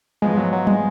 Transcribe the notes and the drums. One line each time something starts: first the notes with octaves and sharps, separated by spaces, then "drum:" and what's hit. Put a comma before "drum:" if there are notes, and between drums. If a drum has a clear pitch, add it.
G#2 F3 G#3 B3
F#3
F#3
G#3, drum: tom F#3